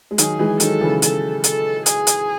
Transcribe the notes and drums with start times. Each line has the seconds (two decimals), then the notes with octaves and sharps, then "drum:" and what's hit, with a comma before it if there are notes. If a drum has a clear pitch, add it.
0.11 G#3
0.18 D#3 F#3 G#4, drum: hi-hat
0.39 E3 G#3
0.60 D#3 F#3 A4, drum: hi-hat
0.81 C#3 E3
1.02 A4, drum: hi-hat
1.44 A4, drum: hi-hat
1.86 G#4, drum: hi-hat
2.07 drum: hi-hat